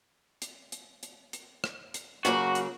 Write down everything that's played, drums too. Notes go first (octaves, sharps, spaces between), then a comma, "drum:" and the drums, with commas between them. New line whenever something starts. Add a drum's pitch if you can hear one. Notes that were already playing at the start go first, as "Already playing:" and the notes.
drum: hi-hat
drum: hi-hat
drum: hi-hat
drum: hi-hat
drum: rim click
drum: hi-hat
C#3 F#3 A#3 F#4, drum: hi-hat
drum: hi-hat